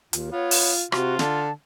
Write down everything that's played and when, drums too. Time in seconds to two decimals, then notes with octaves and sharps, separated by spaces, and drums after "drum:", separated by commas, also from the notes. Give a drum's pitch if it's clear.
0.13 D#2 F4, drum: hi-hat
0.32 B3 F4 C#5
0.51 drum: open hi-hat
0.92 C3 F4 F#4, drum: rim click
1.19 D3 A5, drum: snare